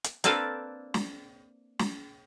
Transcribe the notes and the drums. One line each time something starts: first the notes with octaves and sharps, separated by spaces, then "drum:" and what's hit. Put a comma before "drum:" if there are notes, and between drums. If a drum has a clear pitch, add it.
drum: hi-hat
A#3 C4 D4 A4 B4 F5, drum: hi-hat
drum: snare
drum: snare